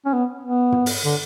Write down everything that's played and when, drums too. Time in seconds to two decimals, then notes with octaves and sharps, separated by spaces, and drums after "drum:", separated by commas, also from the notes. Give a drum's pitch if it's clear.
0.06 C#4
0.13 B3
0.44 B3
0.72 drum: tom
0.86 drum: open hi-hat
1.05 D3